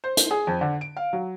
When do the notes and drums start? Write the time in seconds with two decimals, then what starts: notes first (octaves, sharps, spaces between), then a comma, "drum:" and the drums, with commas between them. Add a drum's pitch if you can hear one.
0.04 C5
0.17 drum: hi-hat
0.31 G#4
0.47 F2
0.61 D3
0.81 D7
0.97 F5
1.13 F#3